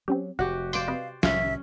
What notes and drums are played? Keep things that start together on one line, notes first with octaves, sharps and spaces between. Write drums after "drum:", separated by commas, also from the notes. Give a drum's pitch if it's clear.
F#3 C4 C#4 G4
F1 F#4 G4 F#5
C5 D5 F5 C6 D6 D7, drum: tambourine
C3 B4 D#5
C2 A2 D#3 C#4 F4 E5, drum: snare